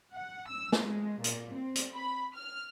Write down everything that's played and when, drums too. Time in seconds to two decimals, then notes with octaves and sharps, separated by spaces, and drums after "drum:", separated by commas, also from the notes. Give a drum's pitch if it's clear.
0.15 F#5
0.50 E6
0.72 drum: snare
0.82 G#3
1.24 A#2, drum: hi-hat
1.56 C4
1.75 drum: hi-hat
1.94 B5
2.34 F6